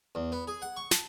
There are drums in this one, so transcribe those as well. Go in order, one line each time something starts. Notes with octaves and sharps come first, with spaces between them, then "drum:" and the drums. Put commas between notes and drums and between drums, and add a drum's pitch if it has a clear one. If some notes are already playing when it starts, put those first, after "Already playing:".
E2
B3
G#4
F#5
C#6
A5, drum: snare